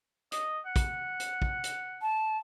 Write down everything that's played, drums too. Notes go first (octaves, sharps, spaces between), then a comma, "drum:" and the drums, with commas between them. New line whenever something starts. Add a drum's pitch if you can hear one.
D#5, drum: hi-hat
F#5
drum: kick, hi-hat
drum: hi-hat
drum: kick
drum: hi-hat
A5